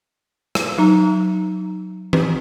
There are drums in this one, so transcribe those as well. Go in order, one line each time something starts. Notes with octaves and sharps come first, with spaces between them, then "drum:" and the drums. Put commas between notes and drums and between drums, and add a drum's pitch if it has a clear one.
drum: rim click
F#3 D#4 A#5
drum: tom E3